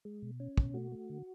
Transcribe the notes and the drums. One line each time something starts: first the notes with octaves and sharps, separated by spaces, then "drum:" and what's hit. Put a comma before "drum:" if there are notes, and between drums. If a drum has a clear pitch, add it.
G#3
B2
C#4
B2, drum: kick
A3 F#4
A3
D3